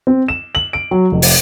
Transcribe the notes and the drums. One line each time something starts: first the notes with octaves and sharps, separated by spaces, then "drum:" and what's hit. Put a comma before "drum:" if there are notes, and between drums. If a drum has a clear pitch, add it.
C4
E7
F#7
D7
F#3
F1
drum: open hi-hat